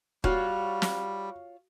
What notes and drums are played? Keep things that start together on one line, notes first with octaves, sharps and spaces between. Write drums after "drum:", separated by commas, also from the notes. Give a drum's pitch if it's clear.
G3 F4 F#4 C#5, drum: kick D#1
drum: snare